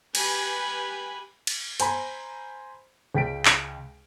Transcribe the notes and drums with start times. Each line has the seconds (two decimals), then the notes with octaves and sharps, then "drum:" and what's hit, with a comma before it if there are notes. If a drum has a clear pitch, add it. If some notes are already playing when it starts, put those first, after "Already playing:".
0.15 G4 B4 G#5 B5, drum: cymbal
1.47 drum: cymbal
1.80 C5 G#5 A#5 B5, drum: hi-hat
3.15 C#2 G5 B6 D7
3.46 drum: clap